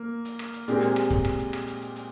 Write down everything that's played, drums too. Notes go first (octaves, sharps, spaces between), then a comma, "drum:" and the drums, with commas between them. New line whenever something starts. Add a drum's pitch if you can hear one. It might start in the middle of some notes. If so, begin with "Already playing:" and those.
Already playing: A#3
drum: hi-hat
drum: rim click
drum: hi-hat
A#2 G#3 C4 G4 A#4, drum: hi-hat
drum: hi-hat
drum: rim click
drum: kick, hi-hat
drum: rim click
drum: hi-hat
drum: rim click
drum: hi-hat
drum: hi-hat
drum: hi-hat